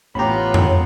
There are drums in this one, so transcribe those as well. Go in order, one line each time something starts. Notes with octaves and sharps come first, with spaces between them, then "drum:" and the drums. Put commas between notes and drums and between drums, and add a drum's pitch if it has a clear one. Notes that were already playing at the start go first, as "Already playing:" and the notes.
A1 B3 F4 G4 C#5 A#5 B5
drum: tom F2